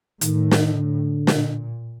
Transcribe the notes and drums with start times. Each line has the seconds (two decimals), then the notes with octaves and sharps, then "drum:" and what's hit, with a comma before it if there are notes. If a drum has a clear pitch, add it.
0.21 A2 D#3, drum: hi-hat
0.51 drum: snare
0.74 D3
1.27 A#2, drum: snare